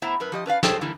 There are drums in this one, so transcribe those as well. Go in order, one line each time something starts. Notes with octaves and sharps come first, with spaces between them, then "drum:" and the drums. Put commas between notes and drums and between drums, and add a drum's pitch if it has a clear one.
A2 B3 E4 C5 E5 A#5
F#2 A#4 B4
F3 G4 D#5
C#4 B4 D5 F5
F#4 G#4 A4 C5 C#5 G5, drum: snare
D3 E3 G3 A#3 E4